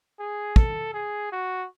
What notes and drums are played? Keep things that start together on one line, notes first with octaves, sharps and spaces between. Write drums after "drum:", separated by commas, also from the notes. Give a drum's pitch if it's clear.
G#4
A4, drum: kick
G#4
F#4